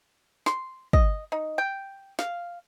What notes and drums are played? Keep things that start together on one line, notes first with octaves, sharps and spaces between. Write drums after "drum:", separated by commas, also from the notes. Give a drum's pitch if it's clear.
C6, drum: snare
D#5, drum: kick
D#4
G5
F5, drum: snare